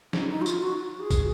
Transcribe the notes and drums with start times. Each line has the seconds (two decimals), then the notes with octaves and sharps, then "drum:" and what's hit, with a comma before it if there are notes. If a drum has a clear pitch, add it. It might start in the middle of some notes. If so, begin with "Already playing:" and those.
0.13 D#4, drum: snare
0.30 D#4
0.42 F#4
0.46 F4, drum: tambourine
0.62 F#4
0.77 F#4
1.00 G#4
1.10 drum: kick, tambourine